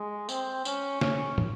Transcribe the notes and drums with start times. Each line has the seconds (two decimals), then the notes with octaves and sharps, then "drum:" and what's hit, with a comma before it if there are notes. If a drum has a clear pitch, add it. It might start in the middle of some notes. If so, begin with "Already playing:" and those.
Already playing: G#3
0.29 C4, drum: tambourine
0.65 C#4, drum: tambourine
1.01 C#4, drum: snare
1.38 drum: tom